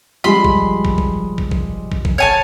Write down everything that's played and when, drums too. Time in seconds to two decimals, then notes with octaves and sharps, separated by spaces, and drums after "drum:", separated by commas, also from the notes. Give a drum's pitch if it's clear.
0.24 F3 G3 G#3 B5 C6
0.44 drum: kick
0.85 drum: kick
0.98 drum: kick
1.38 drum: kick
1.51 drum: kick
1.92 drum: kick
2.05 drum: kick
2.18 C#5 G#5 A5